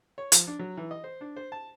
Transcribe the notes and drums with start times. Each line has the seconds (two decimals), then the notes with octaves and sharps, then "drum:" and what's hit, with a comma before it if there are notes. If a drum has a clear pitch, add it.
0.18 C#5
0.32 F3, drum: hi-hat
0.47 D4
0.59 F#3
0.77 E3
0.91 D#5
1.04 C5
1.21 D4
1.36 C5
1.52 A5